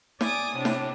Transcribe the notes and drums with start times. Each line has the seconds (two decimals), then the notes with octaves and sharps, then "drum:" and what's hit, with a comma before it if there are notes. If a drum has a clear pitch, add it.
0.21 D5 G#5 D6 D#6, drum: snare
0.55 A2 C3 D4
0.65 drum: snare